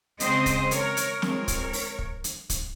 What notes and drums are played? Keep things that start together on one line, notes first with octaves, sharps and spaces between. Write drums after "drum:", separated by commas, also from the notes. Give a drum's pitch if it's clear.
C#3 G#3 C4 C5 D#5, drum: hi-hat
drum: kick, hi-hat
A#4 C#5, drum: hi-hat
drum: hi-hat
F3 G#3 C4 A#4 C#5, drum: snare
drum: kick, hi-hat
drum: open hi-hat
drum: kick
drum: hi-hat
drum: kick, hi-hat